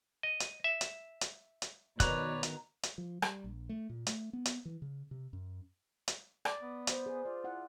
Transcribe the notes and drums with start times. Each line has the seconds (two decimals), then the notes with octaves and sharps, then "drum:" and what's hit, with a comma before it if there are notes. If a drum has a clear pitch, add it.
0.23 D#5
0.40 drum: hi-hat
0.64 E5
0.81 drum: hi-hat
1.21 drum: hi-hat
1.62 drum: hi-hat
2.00 B2 D#3 B4 C#5 D5 A#5 F#6, drum: kick, hi-hat
2.43 drum: hi-hat
2.83 drum: hi-hat
2.98 F3
3.22 G3, drum: rim click
3.44 A#1
3.69 A3
3.89 A#2
4.07 A3, drum: hi-hat
4.33 B3
4.46 drum: hi-hat
4.65 E3
4.82 C#3
5.11 C3
5.33 F#2
6.08 drum: hi-hat
6.45 D5, drum: rim click
6.62 B3
6.87 C5, drum: hi-hat
7.06 G#4
7.25 F4 D5
7.44 E4 F#5